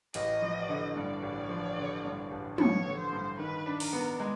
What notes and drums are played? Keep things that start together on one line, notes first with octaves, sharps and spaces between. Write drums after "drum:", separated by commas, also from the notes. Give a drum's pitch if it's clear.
A1 D#5, drum: hi-hat
F3
D3
G2 D5
A1
F3
D3
G2
A1
F3 C#5, drum: tom
D3
C5
G2
D#3 B4
D4
A#4, drum: open hi-hat
B3
G#3